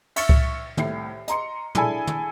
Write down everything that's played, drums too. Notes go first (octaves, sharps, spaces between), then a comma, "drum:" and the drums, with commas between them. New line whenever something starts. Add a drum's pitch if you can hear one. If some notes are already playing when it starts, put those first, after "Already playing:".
E5 C#6 F6 A6 C#7, drum: cymbal
drum: kick C#2
C2 A2 C7, drum: tom
D#5 A#5 C6 C#7, drum: hi-hat
D4 E4 G#4 A4 G#5 B5, drum: tom
drum: tom